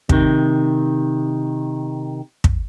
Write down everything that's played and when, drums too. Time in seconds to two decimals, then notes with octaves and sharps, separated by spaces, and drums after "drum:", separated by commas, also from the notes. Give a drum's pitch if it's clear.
0.09 C3 D#3, drum: kick
2.44 drum: kick